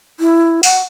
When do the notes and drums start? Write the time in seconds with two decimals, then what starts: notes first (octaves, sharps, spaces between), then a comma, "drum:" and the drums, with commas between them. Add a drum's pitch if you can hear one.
0.20 E4
0.63 F#5, drum: open hi-hat